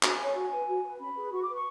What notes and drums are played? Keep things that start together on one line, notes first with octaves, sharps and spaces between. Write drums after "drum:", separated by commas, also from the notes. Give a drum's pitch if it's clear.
F#4 G#5, drum: clap
A4 C#5
F#4
B4
F#4
B4
C#4 B5
G#4 B4
F#4 C#6
D6
B4
C#6